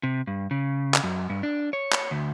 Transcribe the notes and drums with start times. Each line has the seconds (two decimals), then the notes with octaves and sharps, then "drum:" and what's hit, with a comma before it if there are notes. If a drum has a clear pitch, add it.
0.03 C3
0.27 G2
0.51 C#3
0.94 drum: clap
1.04 F#2
1.30 G2
1.43 D4
1.73 C#5
1.92 drum: clap
2.11 D2